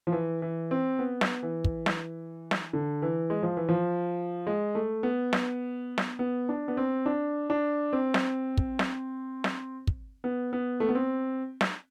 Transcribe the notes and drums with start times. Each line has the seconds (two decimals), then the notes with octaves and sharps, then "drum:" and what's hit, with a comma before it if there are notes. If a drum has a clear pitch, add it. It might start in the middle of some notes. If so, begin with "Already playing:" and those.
0.07 F3
0.12 E3
0.42 E3
0.71 C4
0.99 B3
1.21 drum: snare
1.43 E3
1.65 drum: kick
1.86 drum: snare
2.51 drum: snare
2.73 D3
3.02 E3
3.30 G#3
3.43 F3
3.57 E3
3.69 F3
4.47 G#3
4.75 A3
5.03 B3
5.33 drum: snare
5.98 drum: snare
6.19 B3
6.49 D4
6.68 B3
6.77 C4
7.06 D4
7.50 D4
7.93 C4
8.14 drum: snare
8.58 drum: kick
8.79 drum: snare
9.44 drum: snare
9.87 drum: kick
10.24 B3
10.53 B3
10.80 A3
10.89 B3
10.95 C4
11.61 drum: snare